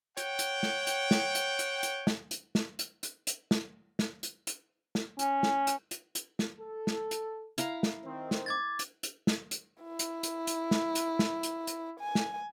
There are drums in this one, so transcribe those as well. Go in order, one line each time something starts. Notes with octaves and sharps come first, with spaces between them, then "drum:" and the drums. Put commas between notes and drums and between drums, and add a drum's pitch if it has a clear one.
C#5 F#5 G5, drum: hi-hat
drum: hi-hat
drum: snare
drum: hi-hat
drum: snare
drum: hi-hat
drum: hi-hat
drum: hi-hat
drum: snare
drum: hi-hat
drum: snare
drum: hi-hat
drum: hi-hat
drum: hi-hat
drum: snare
drum: snare
drum: hi-hat
drum: hi-hat
drum: snare
C#4, drum: hi-hat
drum: snare
drum: hi-hat
drum: hi-hat
drum: hi-hat
drum: snare
A4
drum: snare
drum: hi-hat
E4 F5 A#5, drum: hi-hat
drum: snare
D#3 C4
drum: snare
D6 G#6 A6
drum: hi-hat
drum: hi-hat
drum: snare
drum: hi-hat
E4
drum: hi-hat
drum: hi-hat
drum: hi-hat
drum: snare
drum: hi-hat
drum: snare
drum: hi-hat
drum: hi-hat
G#5
drum: snare